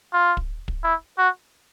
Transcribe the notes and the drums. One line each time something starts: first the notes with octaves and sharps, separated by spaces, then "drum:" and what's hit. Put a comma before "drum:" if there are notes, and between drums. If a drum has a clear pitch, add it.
F4
drum: kick
drum: kick
E4
F#4